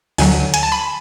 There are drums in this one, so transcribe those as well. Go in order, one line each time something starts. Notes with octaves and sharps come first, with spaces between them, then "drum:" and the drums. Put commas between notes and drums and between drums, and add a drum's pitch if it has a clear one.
D2 D3 F#3 G#5, drum: open hi-hat
G#5, drum: hi-hat
A5
B5